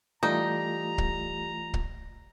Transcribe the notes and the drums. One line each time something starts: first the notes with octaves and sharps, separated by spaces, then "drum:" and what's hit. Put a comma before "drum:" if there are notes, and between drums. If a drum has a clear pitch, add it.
E3 G3 A3 D#4 F4 A#5
drum: kick C#1
drum: kick C#1